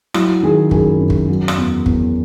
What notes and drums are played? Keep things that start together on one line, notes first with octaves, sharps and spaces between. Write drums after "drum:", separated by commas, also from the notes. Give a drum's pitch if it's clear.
F#3 E4, drum: rim click
D#3 G#4
F#2 G#4, drum: kick
F#2
drum: kick
F#3
drum: rim click
E2
E2, drum: kick